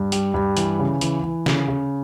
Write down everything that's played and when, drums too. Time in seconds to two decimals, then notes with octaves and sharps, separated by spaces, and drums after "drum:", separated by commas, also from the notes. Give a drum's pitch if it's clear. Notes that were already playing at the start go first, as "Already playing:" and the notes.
Already playing: G2
0.12 G3, drum: hi-hat
0.34 G2
0.57 E3, drum: hi-hat
0.79 C#3
1.01 E3, drum: hi-hat
1.24 E3
1.46 C#3, drum: snare
1.68 C#3